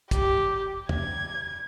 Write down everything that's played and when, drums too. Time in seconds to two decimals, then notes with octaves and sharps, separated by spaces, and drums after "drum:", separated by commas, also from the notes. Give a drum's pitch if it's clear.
0.11 G4, drum: kick, hi-hat
0.89 G#6, drum: tom